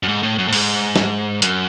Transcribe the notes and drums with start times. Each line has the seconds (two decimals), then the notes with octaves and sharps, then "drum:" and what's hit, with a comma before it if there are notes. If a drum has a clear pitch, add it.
0.03 F#2
0.08 G#2
0.23 A2
0.38 F#2
0.48 A2
0.53 G#2, drum: open hi-hat
0.96 drum: snare
1.42 F#2, drum: hi-hat